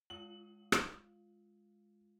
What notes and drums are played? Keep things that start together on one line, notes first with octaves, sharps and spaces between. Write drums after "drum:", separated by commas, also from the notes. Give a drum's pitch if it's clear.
G#3 F4 F5 F#7
drum: rim click